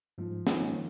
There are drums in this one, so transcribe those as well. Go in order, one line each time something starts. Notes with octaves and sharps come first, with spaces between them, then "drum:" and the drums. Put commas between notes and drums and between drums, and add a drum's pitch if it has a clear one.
G#2 F3
D#3 G#3 C#4 F4, drum: snare
F3